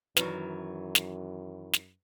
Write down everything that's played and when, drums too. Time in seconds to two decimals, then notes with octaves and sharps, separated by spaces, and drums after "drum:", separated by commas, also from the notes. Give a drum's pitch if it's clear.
0.17 F#2 D#3 E3 F#3 B4, drum: snare
0.95 drum: snare
1.73 drum: snare